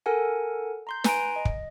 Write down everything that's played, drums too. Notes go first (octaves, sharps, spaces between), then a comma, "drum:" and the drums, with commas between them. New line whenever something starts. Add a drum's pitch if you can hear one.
A4 A#4 F#5 G#5
A#5 C6 G6
B4 G#5 A#5 C6 D7, drum: snare
D#5
drum: kick